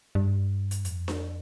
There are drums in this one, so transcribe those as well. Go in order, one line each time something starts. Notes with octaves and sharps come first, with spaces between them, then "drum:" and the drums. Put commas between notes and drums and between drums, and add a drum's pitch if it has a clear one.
G2
drum: hi-hat
F2, drum: hi-hat
drum: snare D4